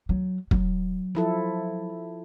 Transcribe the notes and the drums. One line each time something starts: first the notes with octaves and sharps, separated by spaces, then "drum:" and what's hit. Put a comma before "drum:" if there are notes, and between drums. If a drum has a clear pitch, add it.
F#3
F#3, drum: kick
F3 E4 A4